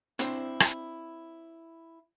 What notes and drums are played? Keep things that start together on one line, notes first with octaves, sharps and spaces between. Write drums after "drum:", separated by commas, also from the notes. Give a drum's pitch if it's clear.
C4 D4 E4 C5, drum: hi-hat
drum: rim click